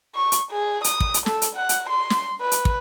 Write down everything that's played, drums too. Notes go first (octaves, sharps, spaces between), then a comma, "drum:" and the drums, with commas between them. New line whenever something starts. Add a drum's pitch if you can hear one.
C#6
drum: hi-hat
G#4
D#6, drum: hi-hat
drum: kick
drum: hi-hat
A4, drum: snare
drum: hi-hat
F#5
drum: hi-hat
C6
drum: snare
B4
drum: hi-hat
drum: kick